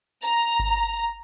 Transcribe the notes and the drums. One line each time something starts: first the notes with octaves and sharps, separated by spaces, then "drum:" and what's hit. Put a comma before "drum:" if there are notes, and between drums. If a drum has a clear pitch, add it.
A#5, drum: tambourine
drum: kick G1